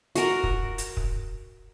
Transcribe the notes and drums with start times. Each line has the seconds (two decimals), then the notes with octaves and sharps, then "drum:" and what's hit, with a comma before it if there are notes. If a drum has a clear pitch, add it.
0.15 F#4 A#4, drum: hi-hat
0.44 drum: kick
0.78 drum: hi-hat
0.97 drum: kick